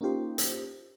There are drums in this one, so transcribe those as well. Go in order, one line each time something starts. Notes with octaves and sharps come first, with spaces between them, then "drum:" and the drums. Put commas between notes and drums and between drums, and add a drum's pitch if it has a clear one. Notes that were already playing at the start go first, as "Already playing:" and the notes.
A#3 C#4 D#4 F4 G4 C5
drum: hi-hat